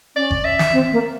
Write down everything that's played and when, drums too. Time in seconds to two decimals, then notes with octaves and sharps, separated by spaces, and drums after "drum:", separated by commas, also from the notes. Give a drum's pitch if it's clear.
0.16 C#4 D5
0.31 drum: kick G1
0.45 E5
0.59 drum: snare
0.73 C4
0.92 A#3